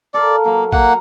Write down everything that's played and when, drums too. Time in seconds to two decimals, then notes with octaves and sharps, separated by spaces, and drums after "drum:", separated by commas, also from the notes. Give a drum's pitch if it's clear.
0.14 A4 A#4 D5 F5
0.46 F#3 A#3
0.72 A#3 F#5 A#5, drum: kick